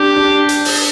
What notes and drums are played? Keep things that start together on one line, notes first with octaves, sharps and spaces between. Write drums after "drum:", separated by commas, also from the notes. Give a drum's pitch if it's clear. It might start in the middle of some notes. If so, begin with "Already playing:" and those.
Already playing: D4 G4
D4
drum: hi-hat
drum: open hi-hat